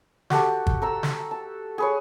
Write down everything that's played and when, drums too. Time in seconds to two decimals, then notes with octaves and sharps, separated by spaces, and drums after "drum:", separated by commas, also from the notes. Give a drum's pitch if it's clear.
0.30 F#4 G4 A4 A5, drum: snare
0.67 drum: kick G1
0.82 A4 A#5 E6
1.03 drum: snare
1.31 A5
1.78 G#4 B4 C#5